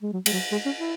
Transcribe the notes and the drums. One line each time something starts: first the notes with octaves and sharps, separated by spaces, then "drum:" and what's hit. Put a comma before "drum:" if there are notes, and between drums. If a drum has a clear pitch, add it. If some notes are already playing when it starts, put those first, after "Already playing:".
G#3
F#3
G#3, drum: cymbal
F#3
G#3
C#4
E4